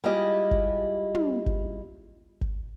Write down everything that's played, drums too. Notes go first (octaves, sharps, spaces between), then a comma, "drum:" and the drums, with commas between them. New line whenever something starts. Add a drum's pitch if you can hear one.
G3 G#3 E4 F4 G4 D#5
drum: kick G#1
drum: tom
drum: kick G#1
drum: kick G#1